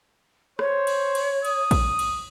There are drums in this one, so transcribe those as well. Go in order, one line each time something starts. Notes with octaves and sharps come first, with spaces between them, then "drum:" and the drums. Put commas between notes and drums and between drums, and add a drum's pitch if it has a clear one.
C5 C#5, drum: rim click
drum: cymbal
drum: cymbal
D#6, drum: cymbal
drum: kick A#1, cymbal
drum: cymbal